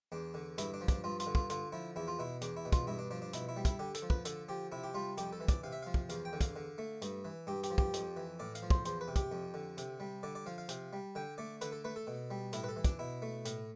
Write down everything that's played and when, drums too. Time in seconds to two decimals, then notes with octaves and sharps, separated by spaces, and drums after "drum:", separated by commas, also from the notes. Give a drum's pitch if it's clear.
0.12 E2 D4
0.34 D3
0.58 G2 E4, drum: hi-hat
0.74 D4
0.81 F3
0.88 D4, drum: kick, hi-hat
1.04 G2 F4
1.20 F4, drum: hi-hat
1.27 D3
1.35 F4, drum: kick
1.50 D3 F4, drum: hi-hat
1.72 F3 E4
1.96 E2 E4
2.08 F4
2.19 B2 E4
2.42 E2 D4, drum: hi-hat
2.57 E4
2.65 B2
2.72 F4, drum: kick, hi-hat
2.87 G2 E4
2.99 D4
3.11 F3 D4
3.22 D4
3.33 B2 E4, drum: hi-hat
3.49 E4
3.57 G3
3.65 E4, drum: kick, hi-hat
3.79 D3 G4
3.95 A4, drum: hi-hat
4.03 F3
4.10 B4, drum: kick
4.25 D3 A4, drum: hi-hat
4.49 F3 G4
4.72 C3 E4
4.84 G4
4.94 G3 F4
5.18 F2 G4, drum: hi-hat
5.33 A4
5.40 E3
5.48 D5, drum: kick, hi-hat
5.64 C3 F5
5.72 E5
5.83 F3 F5
5.94 drum: kick
6.09 E2 F5, drum: hi-hat
6.25 G5
6.33 D3
6.41 F5, drum: kick, hi-hat
6.56 D3
6.78 A3
7.02 G2, drum: hi-hat
7.25 E3
7.47 G2 G4
7.63 G4, drum: hi-hat
7.71 F3
7.78 G4, drum: kick
7.94 F2, drum: hi-hat
8.17 E3
8.40 A2 D5
8.55 F5, drum: hi-hat
8.63 F3
8.70 C5, drum: kick
8.85 E2 C5, drum: hi-hat
9.01 B4
9.08 C3
9.16 G4, drum: kick, hi-hat
9.32 F2
9.54 D3
9.78 C3, drum: hi-hat
10.00 G3
10.23 D3 D5
10.35 D5
10.46 F3 F5
10.58 F5
10.69 C3, drum: hi-hat
10.93 G3
11.15 D3 G5
11.38 A3 D5
11.61 D3 B4, drum: hi-hat
11.72 A4
11.84 A3 B4
11.96 A4
12.07 B2
12.31 G3
12.53 A2 E4, drum: hi-hat
12.64 B4
12.69 A4
12.76 E3
12.84 D4, drum: kick, hi-hat
12.99 B2 E4
13.22 A3
13.45 A2, drum: hi-hat